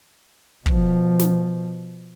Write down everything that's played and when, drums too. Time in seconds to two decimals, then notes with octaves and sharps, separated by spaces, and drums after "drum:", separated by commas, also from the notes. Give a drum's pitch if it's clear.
0.66 B2 F3, drum: kick
1.19 drum: snare